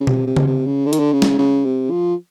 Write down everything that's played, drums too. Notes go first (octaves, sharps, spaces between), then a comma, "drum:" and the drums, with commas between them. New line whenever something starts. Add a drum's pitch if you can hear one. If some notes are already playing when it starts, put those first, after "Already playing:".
C#3
C3, drum: tom B2
C3
drum: tom C#3
C3
C#3
D3
D#3, drum: hi-hat
D3
C#3
drum: snare
C#3
C3
F3